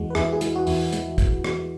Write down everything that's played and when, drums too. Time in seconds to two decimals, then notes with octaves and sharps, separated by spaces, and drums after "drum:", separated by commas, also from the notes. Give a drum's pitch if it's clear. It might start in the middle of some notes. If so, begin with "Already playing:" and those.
Already playing: E2 E3 G#3 F#4
0.10 B4
0.15 E2 E4 G#4, drum: rim click
0.32 E4 G#4
0.41 E3 G#3, drum: hi-hat
0.56 F#4
0.67 E2 E4, drum: open hi-hat
0.93 E3 G#3, drum: hi-hat
1.18 E2, drum: kick, hi-hat
1.44 E3 G#3, drum: rim click